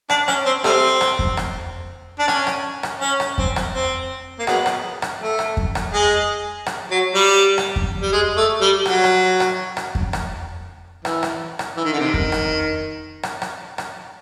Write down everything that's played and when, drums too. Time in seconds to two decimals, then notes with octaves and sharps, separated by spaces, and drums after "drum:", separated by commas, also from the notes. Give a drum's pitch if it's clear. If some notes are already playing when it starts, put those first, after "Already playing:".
0.10 D4, drum: rim click
0.28 C#4, drum: rim click
0.46 C4
0.64 G3 A3 C4, drum: rim click
1.01 drum: rim click
1.19 drum: kick F2
1.37 drum: rim click
2.19 D4
2.28 C#4, drum: rim click
2.47 drum: rim click
2.83 drum: rim click
3.01 C#4
3.20 drum: rim click
3.38 C4, drum: kick F2
3.56 drum: rim click
3.74 C4
4.40 A#3
4.47 F#3 G#3 B3, drum: rim click
4.66 drum: rim click
5.02 drum: rim click
5.21 A3
5.39 drum: rim click
5.57 drum: kick F2
5.75 drum: rim click
5.93 G#3
6.66 drum: rim click
6.91 F#3
7.15 G3
7.58 drum: rim click
7.76 drum: kick F2
8.02 G3
8.13 G#3
8.37 A3
8.61 G3
8.86 F#3, drum: rim click
9.04 drum: rim click
9.40 drum: rim click
9.77 drum: rim click
9.95 drum: kick F2
10.13 drum: rim click
11.05 E3, drum: rim click
11.23 drum: rim click
11.59 drum: rim click
11.77 E3
11.84 D#3
11.92 D3
12.00 C3 D#3
12.14 drum: kick F2
12.32 drum: rim click
13.23 drum: rim click
13.42 drum: rim click
13.78 drum: rim click